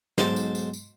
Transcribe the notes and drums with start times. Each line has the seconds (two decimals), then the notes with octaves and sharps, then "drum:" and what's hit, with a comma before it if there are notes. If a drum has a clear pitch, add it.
0.18 B1 G#2 C5 A5 D6, drum: snare
0.36 drum: tambourine
0.55 drum: tambourine
0.73 drum: tambourine